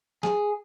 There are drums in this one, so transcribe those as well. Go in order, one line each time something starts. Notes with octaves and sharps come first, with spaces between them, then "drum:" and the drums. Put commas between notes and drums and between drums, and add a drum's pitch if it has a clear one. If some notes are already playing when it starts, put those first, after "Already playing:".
G#4, drum: snare